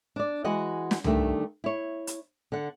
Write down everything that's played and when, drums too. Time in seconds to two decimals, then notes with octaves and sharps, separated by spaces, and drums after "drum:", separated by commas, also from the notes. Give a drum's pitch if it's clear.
0.16 D4 D5
0.44 E3 G#3 F#4 D#5 F#5
0.91 drum: snare
1.04 D2 D#3 G3 A3 D4, drum: tom C2
1.64 E4 C#5
2.07 drum: hi-hat
2.52 D3 F#5